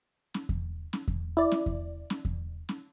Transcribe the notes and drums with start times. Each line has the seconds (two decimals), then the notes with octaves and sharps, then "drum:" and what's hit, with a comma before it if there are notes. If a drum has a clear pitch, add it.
0.34 drum: snare C#4
0.49 drum: kick E2
0.93 drum: snare C#4
1.08 drum: kick E2
1.37 E4 D5
1.52 drum: snare C#4
1.66 drum: kick E2
2.10 drum: snare C#4
2.25 drum: kick E2
2.69 drum: snare C#4